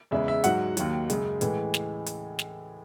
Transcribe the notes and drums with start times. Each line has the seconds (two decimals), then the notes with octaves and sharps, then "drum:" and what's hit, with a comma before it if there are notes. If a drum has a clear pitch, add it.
0.11 E2 C#3 G#3 E5
0.28 E5
0.44 G#2 F#3 F#5, drum: hi-hat
0.77 D#2 D#3 F#3, drum: hi-hat
1.10 F#2 C#3 G#3, drum: hi-hat
1.41 A2 E3 G#3, drum: hi-hat
1.74 drum: snare
2.06 drum: hi-hat
2.39 drum: snare